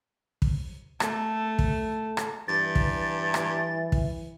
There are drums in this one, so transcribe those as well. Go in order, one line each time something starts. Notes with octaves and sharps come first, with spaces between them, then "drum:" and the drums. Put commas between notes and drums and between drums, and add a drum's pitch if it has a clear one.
drum: kick
A3 A4, drum: rim click
drum: kick
drum: rim click
G2 E3 A6
drum: kick
drum: rim click
drum: kick